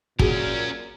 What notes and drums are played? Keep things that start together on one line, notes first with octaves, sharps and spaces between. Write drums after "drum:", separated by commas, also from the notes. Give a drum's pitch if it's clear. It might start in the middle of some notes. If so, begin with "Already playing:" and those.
A#2 C#4 F#4 G#4 A#4, drum: kick